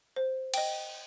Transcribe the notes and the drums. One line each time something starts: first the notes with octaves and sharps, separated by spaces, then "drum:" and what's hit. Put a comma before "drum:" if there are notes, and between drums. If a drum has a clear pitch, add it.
C5
D#5 G5, drum: cymbal